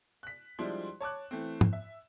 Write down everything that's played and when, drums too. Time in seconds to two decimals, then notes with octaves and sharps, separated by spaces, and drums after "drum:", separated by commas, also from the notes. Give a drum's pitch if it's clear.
0.23 F#6 B6
0.59 F3 G3 G#3 D4 E4 C6
1.01 C#5 A5 D6 F#6
1.31 E3 A3 C4
1.61 drum: tom
1.73 E5